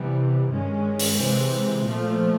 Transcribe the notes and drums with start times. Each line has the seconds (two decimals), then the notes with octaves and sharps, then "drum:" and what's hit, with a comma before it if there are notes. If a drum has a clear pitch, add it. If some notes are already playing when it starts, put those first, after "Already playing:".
Already playing: C3 E3 G3 B3
0.50 G2 D#3 G#3 C#4
0.99 drum: open hi-hat
1.17 C3 E3 G#3 C4
1.84 A#2 F3 A3